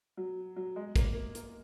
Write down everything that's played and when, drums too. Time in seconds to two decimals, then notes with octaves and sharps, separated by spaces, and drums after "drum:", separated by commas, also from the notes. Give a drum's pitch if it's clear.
0.17 F#3
0.56 F#3
0.76 G#3
0.96 A#3, drum: kick, hi-hat
1.15 A#3
1.35 A#3, drum: hi-hat